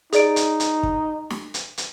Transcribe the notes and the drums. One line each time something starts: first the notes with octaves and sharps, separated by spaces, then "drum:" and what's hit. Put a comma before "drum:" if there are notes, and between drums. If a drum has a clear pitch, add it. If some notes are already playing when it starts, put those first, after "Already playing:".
D#4 G#4 D5 D7, drum: hi-hat
drum: hi-hat
drum: hi-hat
drum: kick
drum: snare
drum: hi-hat
drum: hi-hat